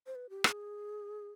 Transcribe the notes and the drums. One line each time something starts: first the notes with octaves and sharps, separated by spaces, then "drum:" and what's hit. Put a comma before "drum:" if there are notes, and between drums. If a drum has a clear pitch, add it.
C5
B4
G4
G#4, drum: rim click